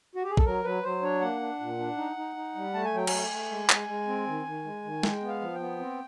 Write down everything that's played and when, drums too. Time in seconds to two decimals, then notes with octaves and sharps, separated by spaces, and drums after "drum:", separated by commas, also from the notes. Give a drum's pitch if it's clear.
0.15 F#4
0.24 G4
0.30 G#4
0.37 A4, drum: kick A#1
0.45 F#3 A#4
0.64 F#3 B4
0.83 F#3 C5
1.03 D4 C#5
1.21 A#3 F#5
1.41 D4
1.60 A#2
1.79 D4
1.97 D#4
2.16 D#4
2.36 D#4
2.55 G3
2.74 A3 A5
2.85 G#5
2.94 F#3 G5
3.07 A3 G#5, drum: cymbal
3.31 A3
3.50 G#3
3.70 G#3, drum: clap
3.88 G#3
4.07 C4
4.27 D#3
4.46 D#3
4.65 G#3
4.84 D#3
5.03 G#3 G5, drum: snare
5.22 B3
5.29 F5
5.41 F3
5.54 G5
5.60 B3
5.79 C4